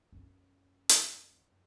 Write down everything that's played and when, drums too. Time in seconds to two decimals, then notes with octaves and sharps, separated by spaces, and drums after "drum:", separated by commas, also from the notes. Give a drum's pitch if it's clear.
0.12 F#2 C#4
0.89 drum: hi-hat